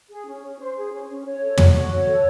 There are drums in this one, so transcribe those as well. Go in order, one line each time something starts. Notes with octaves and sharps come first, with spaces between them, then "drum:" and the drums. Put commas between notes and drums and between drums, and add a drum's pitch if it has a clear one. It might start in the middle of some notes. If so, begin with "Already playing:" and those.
G#4
C#4
C#4
C5
G#4
C#4
C#4
C#5
A4
F#4, drum: tom
F#4
C#5
A4